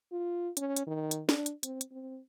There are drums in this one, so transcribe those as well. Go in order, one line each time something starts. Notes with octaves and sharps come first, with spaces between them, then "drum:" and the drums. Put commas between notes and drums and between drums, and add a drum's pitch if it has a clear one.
F4
C#4, drum: hi-hat
drum: hi-hat
D#3
drum: hi-hat
D4, drum: snare
drum: hi-hat
C4, drum: hi-hat
drum: hi-hat
C4